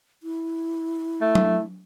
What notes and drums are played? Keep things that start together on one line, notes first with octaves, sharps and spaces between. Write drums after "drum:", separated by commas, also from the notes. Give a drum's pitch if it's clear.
E4
A3
drum: tom F#3